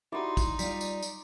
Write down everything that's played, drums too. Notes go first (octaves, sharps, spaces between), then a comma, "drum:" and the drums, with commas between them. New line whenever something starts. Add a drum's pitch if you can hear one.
D#4 E4 F#4 G4 D5 C6
drum: kick, tambourine
G3 F4 B6, drum: tambourine
drum: tambourine
drum: tambourine